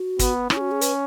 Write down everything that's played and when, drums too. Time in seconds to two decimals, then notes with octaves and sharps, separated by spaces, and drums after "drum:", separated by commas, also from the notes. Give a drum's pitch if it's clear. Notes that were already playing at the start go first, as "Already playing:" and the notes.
Already playing: F#4
0.19 B3, drum: kick, hi-hat
0.50 C#4 E4, drum: rim click
0.56 G#4
0.61 F#4
0.71 G#4
0.81 B4, drum: hi-hat